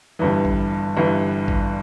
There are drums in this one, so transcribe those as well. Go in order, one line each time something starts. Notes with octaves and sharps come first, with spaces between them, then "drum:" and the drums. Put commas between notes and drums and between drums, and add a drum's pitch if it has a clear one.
G1 G2 E3
drum: kick A1
G1 G2 E3
drum: kick A1